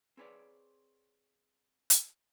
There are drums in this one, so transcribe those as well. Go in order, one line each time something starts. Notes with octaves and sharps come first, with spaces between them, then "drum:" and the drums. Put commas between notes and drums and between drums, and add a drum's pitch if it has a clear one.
C4 G#4 B4 C#5 D5
drum: hi-hat